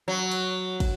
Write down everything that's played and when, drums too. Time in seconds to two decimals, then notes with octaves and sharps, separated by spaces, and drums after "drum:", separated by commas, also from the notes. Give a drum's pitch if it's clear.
0.08 F#3
0.31 drum: cymbal
0.80 drum: kick, cymbal